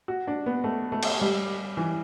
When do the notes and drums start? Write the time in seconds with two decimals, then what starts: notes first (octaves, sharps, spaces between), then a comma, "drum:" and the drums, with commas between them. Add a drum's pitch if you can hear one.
0.08 F#4
0.27 D4
0.46 B3
0.64 A3
0.92 A3
1.03 drum: cymbal
1.21 G3
1.77 E3